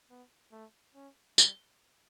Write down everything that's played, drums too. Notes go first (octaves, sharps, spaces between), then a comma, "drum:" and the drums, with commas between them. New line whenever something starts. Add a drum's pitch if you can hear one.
B3
A3
C#4
G3, drum: tambourine